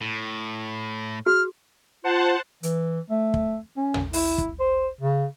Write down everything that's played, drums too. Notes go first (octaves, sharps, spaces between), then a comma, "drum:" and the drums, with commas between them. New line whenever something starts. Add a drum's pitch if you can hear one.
A2
F#4 G#4 F6
F4 C5 F#5 A5
E3, drum: hi-hat
A3
drum: kick
C#4
drum: tom
E4, drum: open hi-hat
drum: kick
C5
C#3